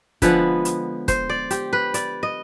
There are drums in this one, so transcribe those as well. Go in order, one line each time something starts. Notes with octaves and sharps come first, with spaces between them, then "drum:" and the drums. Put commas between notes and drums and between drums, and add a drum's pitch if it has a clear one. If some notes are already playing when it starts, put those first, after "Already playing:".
D3 F3 G#3 B3 B4, drum: kick, hi-hat
drum: hi-hat
C5, drum: kick, hi-hat
D5
G4, drum: hi-hat
B4
D5, drum: hi-hat
D#5